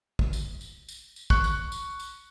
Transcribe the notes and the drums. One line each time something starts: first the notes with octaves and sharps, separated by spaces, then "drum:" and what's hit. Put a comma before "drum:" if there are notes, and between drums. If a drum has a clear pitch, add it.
drum: kick
drum: tambourine
drum: tambourine
drum: tambourine
drum: tambourine
C#6 F#6, drum: kick
drum: tambourine
drum: tambourine
drum: tambourine